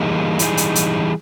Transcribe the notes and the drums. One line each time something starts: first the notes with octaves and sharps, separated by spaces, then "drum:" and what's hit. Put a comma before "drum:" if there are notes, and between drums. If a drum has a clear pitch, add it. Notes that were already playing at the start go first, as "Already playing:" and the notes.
Already playing: E3 G3 A#3 D#4 G#4
E3 G3 A#3 D#4 G#4, drum: hi-hat
drum: hi-hat
drum: hi-hat